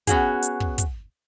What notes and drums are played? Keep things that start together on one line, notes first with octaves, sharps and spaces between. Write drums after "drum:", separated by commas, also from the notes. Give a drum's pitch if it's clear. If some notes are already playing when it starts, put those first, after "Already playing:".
B3 C#4 F#4 G#4, drum: kick, hi-hat
drum: hi-hat
drum: kick
drum: kick, hi-hat